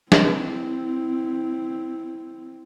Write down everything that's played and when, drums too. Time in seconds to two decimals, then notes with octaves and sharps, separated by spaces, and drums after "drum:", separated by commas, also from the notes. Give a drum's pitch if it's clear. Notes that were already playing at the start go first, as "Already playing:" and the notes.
0.12 C4 E4, drum: snare